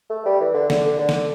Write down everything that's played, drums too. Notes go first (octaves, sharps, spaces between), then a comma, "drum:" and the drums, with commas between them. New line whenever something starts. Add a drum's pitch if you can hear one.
A3
G3
E3
D3
D3, drum: snare
D3
drum: snare